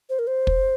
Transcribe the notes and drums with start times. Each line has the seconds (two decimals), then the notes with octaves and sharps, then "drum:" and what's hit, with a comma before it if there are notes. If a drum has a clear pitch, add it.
0.10 C5
0.19 A#4
0.27 C5
0.47 drum: kick